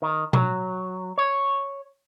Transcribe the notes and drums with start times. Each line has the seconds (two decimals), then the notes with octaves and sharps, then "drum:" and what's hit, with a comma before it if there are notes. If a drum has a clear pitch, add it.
0.02 D#3
0.33 F#3, drum: tom B2
1.18 C#5